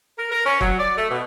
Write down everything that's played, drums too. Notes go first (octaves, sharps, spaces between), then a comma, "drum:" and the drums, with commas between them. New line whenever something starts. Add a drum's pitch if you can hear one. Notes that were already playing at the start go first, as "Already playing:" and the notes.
A#4
A#4
C#4
F#3, drum: kick
D5
A3
B2